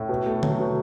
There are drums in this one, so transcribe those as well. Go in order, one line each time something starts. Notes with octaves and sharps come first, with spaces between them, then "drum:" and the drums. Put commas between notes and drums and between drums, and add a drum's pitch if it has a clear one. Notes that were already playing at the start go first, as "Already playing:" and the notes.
Already playing: A2
B2
A3
F#3, drum: tom D3
B2